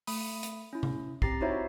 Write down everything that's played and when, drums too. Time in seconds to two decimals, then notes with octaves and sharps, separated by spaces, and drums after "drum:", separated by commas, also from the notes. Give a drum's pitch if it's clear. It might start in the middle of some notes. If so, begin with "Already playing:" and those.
0.07 A3 B5 D#6, drum: open hi-hat
0.43 drum: hi-hat
0.73 C#4 E4
0.83 drum: tom C3
1.22 C4 G4 A#5 A6 A#6 C7, drum: kick
1.41 D#4 E4 F#4 C5 C#5 E5